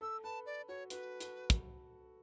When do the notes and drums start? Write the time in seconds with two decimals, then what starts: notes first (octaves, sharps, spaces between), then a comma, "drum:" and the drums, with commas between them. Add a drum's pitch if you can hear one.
0.01 A4 E6
0.24 B4 A5
0.46 D5
0.68 F#4 C#5
0.90 F#4 B4, drum: hi-hat
1.20 F#4, drum: hi-hat
1.50 drum: kick, hi-hat